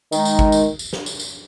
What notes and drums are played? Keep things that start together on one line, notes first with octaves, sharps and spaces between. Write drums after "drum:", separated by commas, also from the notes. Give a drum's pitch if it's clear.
D#3 G#3 D#4, drum: tambourine
drum: tambourine
drum: kick G#1
drum: tambourine
drum: tambourine
drum: snare
drum: tambourine
drum: tambourine